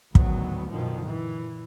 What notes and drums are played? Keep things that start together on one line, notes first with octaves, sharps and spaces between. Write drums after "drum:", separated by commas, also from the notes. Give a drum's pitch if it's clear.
A1 D2 G#2 D#3 F#3 B3, drum: kick
F#2 B2 D3 D#3 F3
A#2 E3